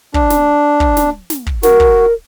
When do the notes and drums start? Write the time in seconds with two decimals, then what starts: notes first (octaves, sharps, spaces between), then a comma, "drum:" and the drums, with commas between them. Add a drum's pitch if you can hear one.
0.14 D4, drum: kick
0.30 drum: snare
0.80 drum: kick
0.97 drum: snare
1.30 drum: snare
1.46 drum: kick
1.63 F#4 A#4, drum: snare
1.80 drum: kick